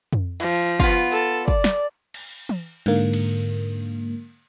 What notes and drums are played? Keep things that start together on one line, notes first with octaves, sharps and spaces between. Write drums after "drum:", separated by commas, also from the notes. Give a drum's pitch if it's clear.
drum: tom
F3, drum: cymbal
B3 F4, drum: kick
A4
D5, drum: kick
drum: snare
drum: cymbal
drum: tom E3
G#2 D3 A#3, drum: cymbal
drum: cymbal